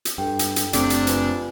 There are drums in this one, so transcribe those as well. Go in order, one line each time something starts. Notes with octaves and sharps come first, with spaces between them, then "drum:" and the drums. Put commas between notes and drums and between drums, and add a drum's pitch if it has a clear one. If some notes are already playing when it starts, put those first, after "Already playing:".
drum: hi-hat
G2 A4 G5
drum: hi-hat
drum: hi-hat
F#1 C3 F3 A3 C4 D4, drum: hi-hat
drum: hi-hat
F4 B4 G#5, drum: hi-hat